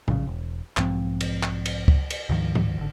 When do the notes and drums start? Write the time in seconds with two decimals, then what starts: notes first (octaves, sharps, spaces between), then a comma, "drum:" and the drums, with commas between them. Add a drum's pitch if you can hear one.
0.08 A#1 C#3, drum: tom A2
0.27 E1
0.77 B1 G#2 F3 C4, drum: clap
1.21 drum: cymbal
1.43 drum: clap
1.65 drum: cymbal
1.88 drum: kick C#2
2.10 drum: cymbal
2.29 D2 G#2 D#3 F3
2.55 drum: tom A2
2.78 G#1 D3